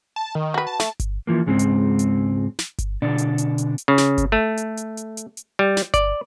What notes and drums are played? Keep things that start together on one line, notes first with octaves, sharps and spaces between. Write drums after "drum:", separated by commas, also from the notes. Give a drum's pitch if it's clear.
A5
D#3
F#4 B4
A5
A3, drum: snare
drum: kick G1, hi-hat
E3 F3 A#3
C#2 G#2 G#3 C4
drum: hi-hat
drum: hi-hat
drum: snare
drum: kick G1, hi-hat
B1 B2 D3 D4 D5
drum: hi-hat
drum: hi-hat
drum: hi-hat
drum: hi-hat
C#3
drum: snare
drum: kick G1, hi-hat
A3
drum: hi-hat
drum: hi-hat
drum: hi-hat
drum: hi-hat
drum: hi-hat
G3
drum: snare
D5, drum: kick G1, hi-hat